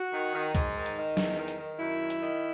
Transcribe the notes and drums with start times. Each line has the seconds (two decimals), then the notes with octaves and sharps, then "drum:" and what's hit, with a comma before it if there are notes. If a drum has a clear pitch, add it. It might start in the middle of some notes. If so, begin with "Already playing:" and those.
Already playing: F#4
0.13 D#3
0.34 D#3
0.55 G#2 D#4, drum: kick C2, hi-hat
0.76 D#3
0.86 drum: hi-hat
0.96 D#3
1.17 E2, drum: snare
1.38 D#3
1.48 drum: hi-hat
1.58 D#3
1.79 F#2 E4
2.00 D#3
2.10 drum: hi-hat
2.20 D#3